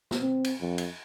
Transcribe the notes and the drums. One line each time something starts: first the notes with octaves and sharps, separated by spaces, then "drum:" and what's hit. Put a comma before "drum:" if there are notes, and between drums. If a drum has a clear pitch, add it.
drum: snare
C4
drum: cymbal
F2
drum: cymbal